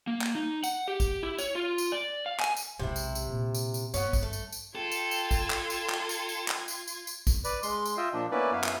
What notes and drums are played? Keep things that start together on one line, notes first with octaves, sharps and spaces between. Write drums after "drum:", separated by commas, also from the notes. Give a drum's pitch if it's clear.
A#3
drum: clap
D#4
F#5, drum: tambourine
G4
drum: kick A1, tambourine
E4
C#5, drum: tambourine
F4
drum: tambourine
D5
F5
G#5, drum: clap
drum: tambourine
B1 G#2 C3 E4
drum: tambourine
drum: tambourine
A#2
drum: tambourine
drum: tambourine
G2 B3 C#4, drum: tambourine
drum: kick A1, tambourine
A3
drum: tambourine
drum: tambourine
F4 A4 G5 G#6
drum: tambourine
drum: tambourine
drum: kick A1, tambourine
drum: clap
drum: tambourine
drum: clap
drum: tambourine
drum: tambourine
drum: clap
drum: tambourine
drum: tambourine
drum: tambourine
drum: kick A1, tambourine
B4 D5, drum: tambourine
G#3 C6, drum: tambourine
drum: tambourine
F4 D#5 E5 G5
A#2 F3 D4
A#3 B3 C#4 E4 B4 D5
F#2 B3 E4 B4 F5
drum: clap